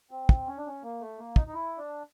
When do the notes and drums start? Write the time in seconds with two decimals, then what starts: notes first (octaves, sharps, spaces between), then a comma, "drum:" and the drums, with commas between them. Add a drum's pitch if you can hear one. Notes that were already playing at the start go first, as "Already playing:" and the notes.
0.11 C4
0.29 drum: kick
0.48 C#4
0.58 D4
0.67 C#4
0.83 A#3
1.01 A3
1.18 A#3
1.36 D#4, drum: kick
1.47 D#4
1.54 E4
1.78 D4